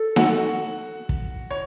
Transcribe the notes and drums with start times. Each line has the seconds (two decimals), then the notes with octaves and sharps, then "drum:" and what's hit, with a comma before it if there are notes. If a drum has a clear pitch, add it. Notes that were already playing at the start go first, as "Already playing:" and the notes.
Already playing: A4
0.16 F#4 F#5, drum: snare D#4
1.09 drum: kick
1.50 C#5